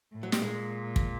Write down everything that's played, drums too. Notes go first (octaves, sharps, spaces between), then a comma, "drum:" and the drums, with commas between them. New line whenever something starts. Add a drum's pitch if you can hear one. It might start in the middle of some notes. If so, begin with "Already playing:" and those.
A2
F#3
G3, drum: snare
A#2 G#3
drum: kick